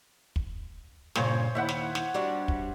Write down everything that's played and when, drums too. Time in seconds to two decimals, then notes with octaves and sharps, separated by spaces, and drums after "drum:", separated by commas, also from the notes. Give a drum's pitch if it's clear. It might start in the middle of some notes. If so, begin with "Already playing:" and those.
0.36 drum: kick
1.15 G2 A#2 C#3 C5 C#5 C#6, drum: snare
1.55 D#2 E4 E5 F#5
1.69 drum: snare
1.95 drum: snare
2.14 G3 D4 F#4
2.48 drum: kick